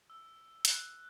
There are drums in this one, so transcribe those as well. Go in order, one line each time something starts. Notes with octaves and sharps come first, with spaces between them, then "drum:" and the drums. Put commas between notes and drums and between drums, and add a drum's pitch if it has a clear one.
E6
F#6, drum: hi-hat